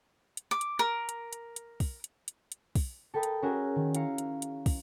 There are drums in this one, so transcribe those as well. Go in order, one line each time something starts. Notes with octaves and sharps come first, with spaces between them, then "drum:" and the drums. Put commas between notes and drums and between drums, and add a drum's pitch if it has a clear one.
drum: hi-hat
D6
drum: hi-hat
A#4
drum: hi-hat
drum: hi-hat
drum: hi-hat
drum: kick, open hi-hat
drum: hi-hat
drum: hi-hat
drum: hi-hat
drum: kick, open hi-hat
A4 A#4 G5 B5 D#6
drum: hi-hat
C#4 F#4 G#4 A#4 E5 G#5
D#3
E4 F5 A#5 F6 C#7, drum: hi-hat
drum: hi-hat
drum: hi-hat
drum: kick, open hi-hat